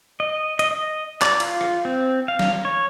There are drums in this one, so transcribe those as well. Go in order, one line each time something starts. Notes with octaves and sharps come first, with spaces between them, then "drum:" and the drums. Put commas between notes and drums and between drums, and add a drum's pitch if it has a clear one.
D#5
D#5, drum: hi-hat
D#5
D5, drum: clap
F4, drum: cymbal
drum: rim click
C4
F5
drum: snare
C#5